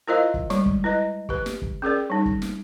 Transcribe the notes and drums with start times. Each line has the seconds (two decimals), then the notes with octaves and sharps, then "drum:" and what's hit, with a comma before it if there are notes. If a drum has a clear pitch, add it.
0.08 E4 F4 A#4 C5 D#5 F5
0.34 drum: kick
0.50 G3 G#3, drum: snare
0.66 drum: kick
0.84 E4 B4 D#5
1.29 G4 B4, drum: kick
1.46 drum: snare
1.62 drum: kick
1.82 C#4 G#4 A#4 D5
2.10 G3 D#4
2.26 drum: kick
2.42 drum: snare